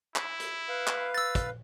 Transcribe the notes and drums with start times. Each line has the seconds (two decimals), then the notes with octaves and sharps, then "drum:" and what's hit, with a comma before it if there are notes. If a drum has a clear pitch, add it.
0.16 E4, drum: clap
0.40 drum: hi-hat
0.69 B4 F5
0.87 drum: clap
1.14 E6 A6
1.35 drum: kick, hi-hat